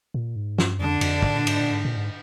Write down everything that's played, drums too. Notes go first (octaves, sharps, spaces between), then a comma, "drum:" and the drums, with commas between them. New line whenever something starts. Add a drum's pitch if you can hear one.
A#2
G#2
G2, drum: snare
F2 D3 D4
F2, drum: cymbal
G#2, drum: kick
A#2
G#2, drum: cymbal
A#2
G#2
A#2
G#2